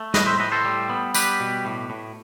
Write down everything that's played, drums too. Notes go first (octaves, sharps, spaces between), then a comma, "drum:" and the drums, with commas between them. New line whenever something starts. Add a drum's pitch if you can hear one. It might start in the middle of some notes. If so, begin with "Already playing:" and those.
Already playing: A3
A2 B4 D#5, drum: snare
C5 E5
A2 B4 D#5
A4 C5
G3
B3
G3 G4 B4, drum: tambourine
B2
A2
A2